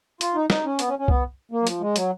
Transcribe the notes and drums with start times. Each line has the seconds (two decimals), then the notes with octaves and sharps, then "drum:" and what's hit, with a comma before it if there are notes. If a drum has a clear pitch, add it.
0.21 F4, drum: hi-hat
0.35 D#4
0.50 D#4, drum: snare
0.65 C#4
0.79 B3, drum: hi-hat
0.89 C#4
0.99 C#4
1.08 B3, drum: kick C2
1.52 A#3
1.63 F#3
1.67 F3, drum: hi-hat
1.81 G#3
1.96 F#3, drum: hi-hat